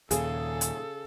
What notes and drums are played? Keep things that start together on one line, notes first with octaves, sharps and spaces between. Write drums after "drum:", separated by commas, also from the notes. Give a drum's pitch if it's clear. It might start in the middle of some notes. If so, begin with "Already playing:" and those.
D#2 A#2 C#3 G#4 A4, drum: hi-hat
drum: hi-hat